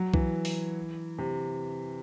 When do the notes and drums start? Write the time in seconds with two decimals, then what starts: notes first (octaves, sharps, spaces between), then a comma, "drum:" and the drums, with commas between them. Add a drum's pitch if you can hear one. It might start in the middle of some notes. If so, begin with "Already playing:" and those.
Already playing: F#3
0.14 E3, drum: kick B1
0.45 drum: open hi-hat
1.18 C3